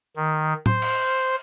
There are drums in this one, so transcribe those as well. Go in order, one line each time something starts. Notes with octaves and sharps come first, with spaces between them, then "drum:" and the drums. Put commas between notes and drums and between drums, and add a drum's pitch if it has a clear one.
D#3
C5, drum: tom A2
drum: cymbal